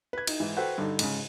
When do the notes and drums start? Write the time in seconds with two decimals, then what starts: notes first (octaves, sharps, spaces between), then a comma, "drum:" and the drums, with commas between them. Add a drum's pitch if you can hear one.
0.13 B4 G#6
0.27 D#4, drum: cymbal
0.40 G#2 E3
0.56 F#4 A4 B4 C5 F#5 G5
0.78 G2 D3 D#4
0.99 G#2 C#3, drum: cymbal